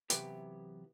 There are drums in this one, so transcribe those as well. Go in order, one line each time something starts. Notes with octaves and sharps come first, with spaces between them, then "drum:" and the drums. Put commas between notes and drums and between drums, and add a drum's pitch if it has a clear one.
C3 E3 F#3 B3 G4, drum: hi-hat